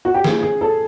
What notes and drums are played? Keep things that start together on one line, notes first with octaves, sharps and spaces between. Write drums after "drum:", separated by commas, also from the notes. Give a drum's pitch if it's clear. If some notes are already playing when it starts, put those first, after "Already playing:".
F#4
G4
G#4, drum: snare
G#4
A4